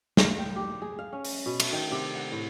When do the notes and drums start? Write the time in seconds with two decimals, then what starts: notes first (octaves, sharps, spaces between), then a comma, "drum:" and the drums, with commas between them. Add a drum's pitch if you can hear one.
0.17 F5, drum: snare
0.38 G5
0.56 G4
0.82 G#4
0.99 F5
1.13 C#4
1.25 drum: open hi-hat
1.46 B2
1.60 A3, drum: cymbal
1.73 D#3
1.91 C3
2.16 F#5
2.32 A2